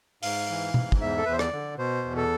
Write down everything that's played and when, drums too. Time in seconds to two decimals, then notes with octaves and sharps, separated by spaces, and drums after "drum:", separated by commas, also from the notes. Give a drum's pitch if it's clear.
0.23 G#2 F5, drum: open hi-hat
0.49 E3
0.74 G#2, drum: tom B2
0.92 drum: kick
1.01 E2 E5
1.17 A4
1.25 E2 B4
1.32 C5
1.39 D5, drum: rim click
1.52 D3
1.78 B2 C5
2.05 E2
2.17 A4